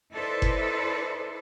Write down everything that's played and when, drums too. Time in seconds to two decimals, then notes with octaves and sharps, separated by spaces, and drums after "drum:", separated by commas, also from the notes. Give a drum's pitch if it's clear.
0.12 D#4 E4 A4 B4 C5 D5
0.42 drum: kick F#1